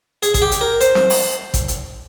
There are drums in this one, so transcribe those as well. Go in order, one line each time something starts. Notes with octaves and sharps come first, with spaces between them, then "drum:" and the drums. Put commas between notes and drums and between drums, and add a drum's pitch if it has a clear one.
G#4, drum: hi-hat
G#4, drum: kick A1, hi-hat
G4
drum: hi-hat
A#4
C5, drum: hi-hat
drum: snare
drum: open hi-hat
drum: kick A1, hi-hat
drum: hi-hat